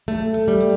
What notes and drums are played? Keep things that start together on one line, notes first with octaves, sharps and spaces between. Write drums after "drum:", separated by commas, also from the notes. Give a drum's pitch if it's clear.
A3
drum: hi-hat
G3
drum: hi-hat